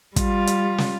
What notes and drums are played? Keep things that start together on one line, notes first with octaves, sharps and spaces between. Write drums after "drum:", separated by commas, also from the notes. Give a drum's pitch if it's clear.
G3 F4, drum: kick, hi-hat
drum: hi-hat
drum: snare